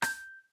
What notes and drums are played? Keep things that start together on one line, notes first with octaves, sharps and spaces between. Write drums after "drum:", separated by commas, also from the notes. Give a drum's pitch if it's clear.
G6, drum: rim click